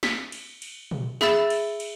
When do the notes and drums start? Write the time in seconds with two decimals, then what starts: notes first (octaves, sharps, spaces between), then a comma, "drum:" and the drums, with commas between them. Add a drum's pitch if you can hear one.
0.03 B6, drum: snare
0.32 drum: cymbal
0.62 drum: cymbal
0.91 drum: tom
1.21 G#4 E5 B5 E6 A6 E7, drum: snare
1.50 drum: cymbal
1.80 drum: cymbal